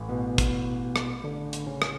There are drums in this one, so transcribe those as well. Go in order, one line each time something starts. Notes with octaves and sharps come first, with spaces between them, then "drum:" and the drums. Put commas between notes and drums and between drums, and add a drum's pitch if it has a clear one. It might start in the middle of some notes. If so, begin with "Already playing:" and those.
Already playing: A1 A2 E3
B2 B3
drum: kick, hi-hat
drum: rim click
D3 D4
drum: hi-hat
C#3 C#4
drum: rim click